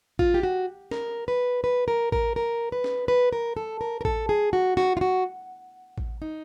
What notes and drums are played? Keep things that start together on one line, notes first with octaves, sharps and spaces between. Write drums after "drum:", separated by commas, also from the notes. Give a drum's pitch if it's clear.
F4, drum: kick A1
G4
F#4
A#4, drum: snare
B4
B4
A#4
A#4, drum: kick A1
A#4
B4
drum: snare
B4
A#4
A4
A#4
A#4
A4, drum: kick A1
G#4
F#4
F#4, drum: snare
F4
F#4
drum: kick A1
D#4